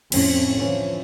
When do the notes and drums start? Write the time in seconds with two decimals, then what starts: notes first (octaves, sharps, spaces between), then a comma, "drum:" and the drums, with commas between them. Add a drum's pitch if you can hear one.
0.12 F2 A2 C4 C#4, drum: cymbal
0.58 D3 E3 F3 C#4